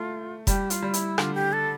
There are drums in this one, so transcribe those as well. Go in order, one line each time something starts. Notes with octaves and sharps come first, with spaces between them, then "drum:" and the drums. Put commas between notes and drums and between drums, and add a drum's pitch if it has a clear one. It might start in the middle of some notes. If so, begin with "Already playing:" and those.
Already playing: A3 F4
G3 G4, drum: kick F1, hi-hat
F4, drum: hi-hat
G3
E4, drum: hi-hat
D3 F4, drum: rim click
G4
A4